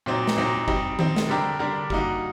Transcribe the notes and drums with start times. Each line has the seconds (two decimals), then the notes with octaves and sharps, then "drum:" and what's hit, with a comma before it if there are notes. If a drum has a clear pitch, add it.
0.06 A#2 F#3 C4 D#4
0.27 drum: snare
0.37 A#2 F#3 C4 D#4
0.68 G3 C4 D#4, drum: kick G1
0.99 G3 C4 D#4, drum: tom D#3
1.16 drum: snare
1.29 D3 G3 D4 G4 A#4
1.59 D3 G3 D4 G4 A#4
1.90 G3 A#3 D#4 F#4, drum: kick G1